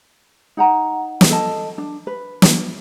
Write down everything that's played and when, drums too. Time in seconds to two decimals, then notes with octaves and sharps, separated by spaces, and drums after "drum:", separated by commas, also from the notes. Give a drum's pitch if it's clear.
0.57 D#4 F#5 A#5
1.21 drum: snare
1.30 A4 D#5 A5
1.78 D4
2.07 B4
2.42 drum: snare